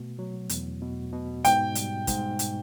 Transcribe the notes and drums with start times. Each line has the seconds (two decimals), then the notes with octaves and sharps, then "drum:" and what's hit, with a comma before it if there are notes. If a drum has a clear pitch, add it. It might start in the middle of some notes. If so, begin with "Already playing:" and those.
Already playing: B2 A3
0.19 F#3
0.49 E2, drum: hi-hat
0.82 B2
1.12 B2
1.45 G#2 G5, drum: hi-hat
1.75 G3, drum: hi-hat
2.07 G#2, drum: kick, hi-hat
2.39 drum: hi-hat